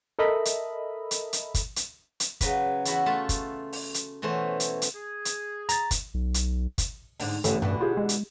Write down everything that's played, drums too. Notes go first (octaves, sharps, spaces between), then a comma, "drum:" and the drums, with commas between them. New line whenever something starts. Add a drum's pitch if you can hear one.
A4 A#4 D#5 E5 B5
drum: hi-hat
drum: hi-hat
drum: hi-hat
drum: kick, hi-hat
drum: hi-hat
drum: hi-hat
C#3 F#3 B4, drum: kick, hi-hat
E2 E4 F#4 B5, drum: hi-hat
A3 F4 E5 F#5 A5
drum: kick, hi-hat
drum: open hi-hat
drum: hi-hat
B2 E3 A3 C#4 C5
drum: hi-hat
drum: hi-hat
G#4
drum: hi-hat
A#5 A6, drum: hi-hat
drum: kick, hi-hat
B1
drum: hi-hat
drum: kick, hi-hat
G#2 D3 D4, drum: open hi-hat
A1 A2 D3 B3 A4, drum: hi-hat
G2 B2 D3 E3
F4 G4 G#4
G#3
drum: hi-hat